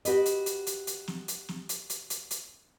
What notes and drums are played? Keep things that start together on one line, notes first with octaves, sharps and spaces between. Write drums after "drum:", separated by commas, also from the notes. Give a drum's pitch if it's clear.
F#4 G4 B4 D#5, drum: hi-hat
drum: hi-hat
drum: hi-hat
drum: hi-hat
drum: hi-hat
drum: snare
drum: hi-hat
drum: snare
drum: hi-hat
drum: hi-hat
drum: hi-hat
drum: hi-hat